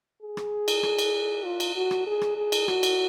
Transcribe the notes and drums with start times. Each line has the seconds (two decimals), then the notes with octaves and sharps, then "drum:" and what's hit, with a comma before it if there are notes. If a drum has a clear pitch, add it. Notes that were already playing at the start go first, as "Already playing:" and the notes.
0.22 G#4
0.37 drum: rim click
0.68 drum: cymbal
0.83 drum: rim click
0.99 drum: cymbal
1.44 F4
1.60 drum: cymbal
1.76 F#4
1.91 drum: rim click
2.07 G#4
2.21 drum: rim click
2.36 G#4
2.52 drum: cymbal
2.68 F#4, drum: rim click
2.83 drum: cymbal